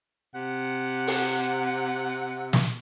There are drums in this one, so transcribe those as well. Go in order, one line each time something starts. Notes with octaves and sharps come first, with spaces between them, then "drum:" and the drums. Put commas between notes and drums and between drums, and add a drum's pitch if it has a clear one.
C3 F#5
drum: open hi-hat
drum: snare